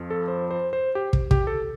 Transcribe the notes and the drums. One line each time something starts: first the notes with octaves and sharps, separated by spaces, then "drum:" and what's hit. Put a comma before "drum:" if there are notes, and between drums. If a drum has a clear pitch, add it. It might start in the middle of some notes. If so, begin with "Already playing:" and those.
Already playing: F2 F3
A4
C5
C5
C5
G4
drum: kick
G4, drum: kick
A4